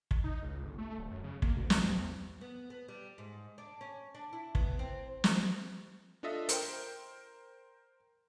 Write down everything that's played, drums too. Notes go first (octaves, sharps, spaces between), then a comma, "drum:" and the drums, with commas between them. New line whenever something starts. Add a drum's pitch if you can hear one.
drum: kick
D#4
C#2
G1
A3
D1
F#2
C#3
A#3, drum: kick
D2
C2, drum: snare
G2
E2
B3
B3
G3
G#2
D4
C#4
D4
E4
B3, drum: kick
C4
drum: snare
D4 F4 A4 D#5 E5
A#4 C5 G5, drum: hi-hat